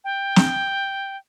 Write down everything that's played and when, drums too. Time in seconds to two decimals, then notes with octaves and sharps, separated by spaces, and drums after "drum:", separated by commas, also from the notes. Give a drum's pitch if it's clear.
0.04 G5
0.36 drum: snare